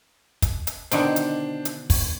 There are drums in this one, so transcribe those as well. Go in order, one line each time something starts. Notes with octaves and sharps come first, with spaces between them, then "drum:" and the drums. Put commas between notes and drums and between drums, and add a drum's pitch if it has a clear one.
drum: kick, hi-hat
drum: hi-hat
B2 D3 D#3 D4 C5, drum: hi-hat
drum: hi-hat
drum: hi-hat
drum: kick, open hi-hat